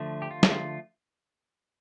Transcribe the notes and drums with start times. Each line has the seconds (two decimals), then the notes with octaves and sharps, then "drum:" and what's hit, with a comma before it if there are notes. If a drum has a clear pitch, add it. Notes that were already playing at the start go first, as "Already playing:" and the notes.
Already playing: D3 F3 A3
0.22 G4
0.31 F4
0.43 drum: snare